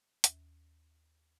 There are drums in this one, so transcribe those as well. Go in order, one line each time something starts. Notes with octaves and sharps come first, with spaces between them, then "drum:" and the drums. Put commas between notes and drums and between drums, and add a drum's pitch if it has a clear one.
D#2, drum: hi-hat